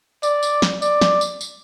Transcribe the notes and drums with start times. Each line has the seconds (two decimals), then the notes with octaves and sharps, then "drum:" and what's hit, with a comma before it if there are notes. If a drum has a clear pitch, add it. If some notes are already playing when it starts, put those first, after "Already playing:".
0.23 D5, drum: tambourine
0.43 drum: tambourine
0.62 drum: snare
0.82 D5, drum: tambourine
1.01 drum: snare
1.21 drum: tambourine
1.41 drum: tambourine